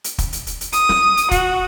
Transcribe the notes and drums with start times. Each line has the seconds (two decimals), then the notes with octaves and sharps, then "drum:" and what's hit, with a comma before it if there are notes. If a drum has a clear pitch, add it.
0.04 drum: hi-hat
0.18 drum: kick, hi-hat
0.33 drum: hi-hat
0.47 drum: hi-hat
0.61 drum: hi-hat
0.73 D#6, drum: hi-hat
0.89 drum: snare
1.17 drum: hi-hat
1.31 F#4, drum: kick, hi-hat